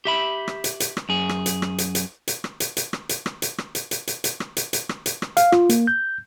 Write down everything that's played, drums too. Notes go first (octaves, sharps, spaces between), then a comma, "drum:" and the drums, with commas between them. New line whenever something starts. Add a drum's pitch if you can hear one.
G4 E5 B5
drum: rim click
drum: hi-hat
drum: hi-hat
drum: rim click
F#2 G#4
drum: rim click
drum: hi-hat
drum: rim click
drum: hi-hat
drum: hi-hat
drum: hi-hat
drum: rim click
drum: hi-hat
drum: hi-hat
drum: rim click
drum: hi-hat
drum: rim click
drum: hi-hat
drum: rim click
drum: hi-hat
drum: hi-hat
drum: hi-hat
drum: hi-hat
drum: rim click
drum: hi-hat
drum: hi-hat
drum: rim click
drum: hi-hat
drum: rim click
F5, drum: hi-hat
F4, drum: rim click
A#3, drum: hi-hat
G6